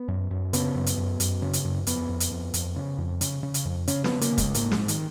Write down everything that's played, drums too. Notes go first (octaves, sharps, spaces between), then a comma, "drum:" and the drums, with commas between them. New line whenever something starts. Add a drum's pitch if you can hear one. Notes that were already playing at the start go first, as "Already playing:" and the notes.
Already playing: B3
F#2
F#2
C#3 B3, drum: hi-hat
F#2
drum: hi-hat
F#2
F#2, drum: hi-hat
C#3
drum: hi-hat
F#2
F2 B3, drum: hi-hat
F2
drum: hi-hat
F2
F2, drum: hi-hat
C#3
F2
C#3, drum: hi-hat
C#3
drum: hi-hat
F2
C#3 C#4, drum: hi-hat
B3, drum: snare
C#3
A#3, drum: hi-hat
C#3
G#3, drum: kick, hi-hat
G#2 A#3, drum: hi-hat
G#3, drum: snare
G#2
D#3, drum: hi-hat